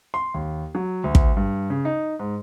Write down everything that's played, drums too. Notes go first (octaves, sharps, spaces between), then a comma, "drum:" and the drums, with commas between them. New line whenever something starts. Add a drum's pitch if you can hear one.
C6
D#2
F#3
D2
drum: kick
G2
C#3
D#4
G#2